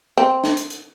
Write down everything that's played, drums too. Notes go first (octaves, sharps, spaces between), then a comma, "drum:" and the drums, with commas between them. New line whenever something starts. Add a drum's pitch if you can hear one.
C4
drum: snare
drum: hi-hat
drum: hi-hat